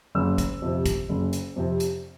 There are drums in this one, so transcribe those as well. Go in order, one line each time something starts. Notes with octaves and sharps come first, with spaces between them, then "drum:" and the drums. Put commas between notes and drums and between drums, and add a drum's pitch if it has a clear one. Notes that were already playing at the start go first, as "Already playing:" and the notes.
F#1 E6
drum: kick, hi-hat
F2 C3
drum: kick, hi-hat
F#1
drum: hi-hat
F2 C3
drum: hi-hat